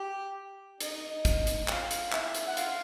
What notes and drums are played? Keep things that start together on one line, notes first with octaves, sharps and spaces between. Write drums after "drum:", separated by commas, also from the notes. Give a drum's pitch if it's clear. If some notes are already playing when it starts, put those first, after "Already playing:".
Already playing: G4 G5
D#4 D#5, drum: hi-hat
drum: kick, hi-hat
drum: hi-hat
F4 F5, drum: clap
drum: hi-hat
E4 E5, drum: clap
drum: hi-hat
F#5
F4 F5, drum: hi-hat